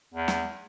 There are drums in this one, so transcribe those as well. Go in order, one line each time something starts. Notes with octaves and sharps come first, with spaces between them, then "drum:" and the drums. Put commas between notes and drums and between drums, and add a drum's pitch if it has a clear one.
E2
drum: snare